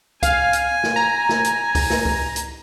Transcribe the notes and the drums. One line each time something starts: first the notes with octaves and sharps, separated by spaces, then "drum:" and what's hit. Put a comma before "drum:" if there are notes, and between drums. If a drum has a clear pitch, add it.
F5 G#5, drum: kick C#2, hi-hat
drum: hi-hat
drum: snare
A#5
drum: snare
drum: hi-hat
drum: kick C#2, open hi-hat
drum: snare
drum: kick C#2
drum: hi-hat